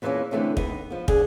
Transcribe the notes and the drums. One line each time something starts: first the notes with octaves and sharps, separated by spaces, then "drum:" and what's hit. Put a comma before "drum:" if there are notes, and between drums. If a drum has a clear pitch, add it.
E2 A#2 E3 G3 A#3 C#4
D3 E3 A3 C4 C#4
B3 D#4, drum: kick
F3 B3
D3 G#4, drum: kick